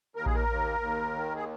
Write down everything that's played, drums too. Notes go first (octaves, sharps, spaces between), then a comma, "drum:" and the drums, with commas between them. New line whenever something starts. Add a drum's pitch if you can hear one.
D#2 A#4
G#4, drum: kick A#1
A#4
D#2
D#2
D#3
G#4